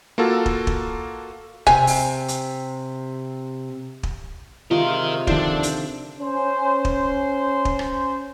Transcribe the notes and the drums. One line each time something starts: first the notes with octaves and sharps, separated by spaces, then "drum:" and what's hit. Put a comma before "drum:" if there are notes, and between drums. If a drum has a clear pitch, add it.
A#3 F4 F#4 A4
drum: kick
drum: kick
C3 G#5, drum: kick
drum: open hi-hat
drum: hi-hat
drum: kick
C3 G#3 F4 A#4 D#5 C#6
D3 D#3 F3 C4 D4 A4 C5, drum: kick
drum: hi-hat
C#4 C5
drum: kick
drum: kick
drum: rim click